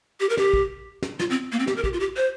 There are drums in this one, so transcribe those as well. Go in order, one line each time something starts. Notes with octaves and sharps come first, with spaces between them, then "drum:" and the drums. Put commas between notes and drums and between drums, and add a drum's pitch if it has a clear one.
G4
A#4
G4, drum: snare
drum: kick
drum: snare
F4, drum: snare
C4
A#3
C4
G4, drum: snare
A#4
G4, drum: kick
F4
G4
C5